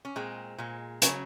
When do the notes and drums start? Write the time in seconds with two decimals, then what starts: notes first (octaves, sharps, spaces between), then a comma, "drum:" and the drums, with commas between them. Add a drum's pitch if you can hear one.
0.05 C#4
0.16 A#2 G#3 C4
0.58 A#2 G#3
1.02 C#3 F#3 C#4, drum: hi-hat